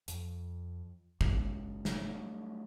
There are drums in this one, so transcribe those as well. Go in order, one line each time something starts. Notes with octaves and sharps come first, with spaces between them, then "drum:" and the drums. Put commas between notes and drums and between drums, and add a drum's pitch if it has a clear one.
F2, drum: hi-hat
F#1 C#3 G#3, drum: kick
drum: snare
F#3 G3 A3 D4